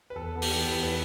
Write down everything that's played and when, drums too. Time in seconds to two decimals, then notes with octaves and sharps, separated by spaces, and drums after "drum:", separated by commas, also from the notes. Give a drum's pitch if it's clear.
0.10 B4
0.16 E2 A4
0.35 B3
0.42 G4, drum: open hi-hat
0.55 E3
0.69 B4
0.75 E2
0.83 B4